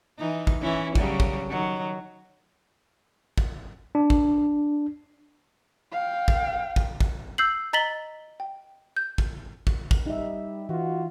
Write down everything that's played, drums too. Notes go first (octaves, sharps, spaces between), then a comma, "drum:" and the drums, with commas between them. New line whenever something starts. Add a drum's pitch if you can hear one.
E3 D#4
drum: kick
E3 C#4 E4
C#3 F#3 G3, drum: kick
drum: kick
D#3 F#3
drum: kick
D4
drum: kick
F5 G5
drum: kick
drum: kick
drum: kick
E6 G6 C7 F#7
D#5 A#5 A6 B6 F#7 G7
G5
G6
drum: kick
drum: kick
drum: kick
G3 D#4 E5
E3 F4 F#4